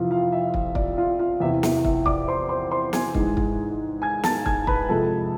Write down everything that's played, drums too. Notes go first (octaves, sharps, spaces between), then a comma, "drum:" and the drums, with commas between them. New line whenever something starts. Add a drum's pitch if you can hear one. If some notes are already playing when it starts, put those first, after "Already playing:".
Already playing: F2 C3 E3 F4 F5
F4 F5
E5
drum: kick
D5, drum: kick
F4 F5
F4 F5
E2 C3 E3 E5
E5, drum: snare
E5, drum: kick
D5 D6, drum: kick
C5 C6
C5 C6
C5 C6
G#5 G#6, drum: snare
G#2 E3 G#3, drum: kick
drum: kick
G#5 G#6
A5 A6, drum: snare
G#5 G#6, drum: kick
B4 B5, drum: kick
F2 C3 F3 G#3 A4 A5